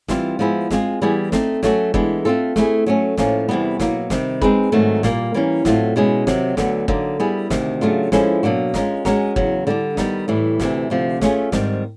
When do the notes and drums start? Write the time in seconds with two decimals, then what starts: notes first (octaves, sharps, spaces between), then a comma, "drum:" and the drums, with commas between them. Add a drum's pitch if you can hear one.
0.08 E3 G3 C4 F4, drum: snare
0.39 F3 G#3 B3 E4
0.71 G#3 C4 F4 G#4, drum: snare
1.02 E3 G3 B3 E4 G#4
1.32 A3 C4 D#4, drum: snare
1.63 F#3 A3 C#4 F#4 A4, drum: snare
1.94 E3 G#3 B3 D4, drum: kick
2.25 A3 C4 F4 A4
2.56 A3 C4 E4 G#4, drum: snare
2.86 F#3 A3 C#4
3.17 A2 F3 A#3 C#4, drum: snare
3.49 E2 C3 E3 G3 B3
3.80 B2 F#3 A#3, drum: snare
4.10 C3 D#3 G3, drum: snare
4.41 G#3 C4 D#4 G#4 B4, drum: kick
4.72 G#2 D#3 F#3 A3 C4
5.03 A#2 G3 A#3, drum: snare
5.34 E3 G3 A#3 C#4
5.65 A2 F#3 A3 C4 F4, drum: snare
5.96 B2 G#3 C#4 E4 G#4
6.27 C3 D#3 F#3, drum: snare
6.57 D2 D3 F#3 B3, drum: snare
6.88 D3 F#3 A#3 D#4, drum: kick
7.20 G3 B3 E4 G#4
7.50 D2 C3 D#3, drum: snare
7.82 C#3 F#3 A3 D4 F4
8.12 F3 G#3 C#4 E4 A4, drum: snare
8.43 B2 F#3 A#3 D4 F#4
8.74 G#3 C#4 F4 A#4 D#5, drum: snare
9.05 G#3 C#4 F#4 A#4, drum: snare
9.36 E2 C#3 F#3, drum: kick
9.67 D3 G3 B3 D4
9.97 D#3 G3 B3 D#4, drum: snare
10.28 A2 E3 G3
10.60 D2 C3 E3, drum: snare
10.90 D2 C3 F3
11.21 A3 C#4 F4 G#4, drum: snare
11.52 G#2 D#3 G3 C4, drum: snare